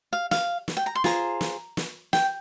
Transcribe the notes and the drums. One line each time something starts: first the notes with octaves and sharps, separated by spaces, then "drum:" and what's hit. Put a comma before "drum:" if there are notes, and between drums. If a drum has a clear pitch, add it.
F5
F5, drum: snare
drum: snare
G5
A#5
C6
F4 G#4 C5 A#5, drum: snare
drum: snare
drum: snare
G5, drum: snare